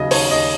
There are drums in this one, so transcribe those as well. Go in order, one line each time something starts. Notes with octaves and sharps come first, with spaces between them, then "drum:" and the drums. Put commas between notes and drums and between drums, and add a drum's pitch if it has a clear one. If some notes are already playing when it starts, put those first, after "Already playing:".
Already playing: D#2 C#3 F#3 D#5
D#2 C#5, drum: open hi-hat
D#2 D#5